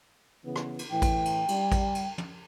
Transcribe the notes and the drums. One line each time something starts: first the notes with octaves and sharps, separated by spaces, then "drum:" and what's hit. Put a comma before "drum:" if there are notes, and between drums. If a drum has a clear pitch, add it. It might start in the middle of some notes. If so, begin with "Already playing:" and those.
C#3 E3 B3
drum: rim click
drum: cymbal
A2 E3 G5
drum: kick A1, cymbal
drum: cymbal
G3, drum: cymbal
drum: kick A1, cymbal
drum: cymbal
drum: tom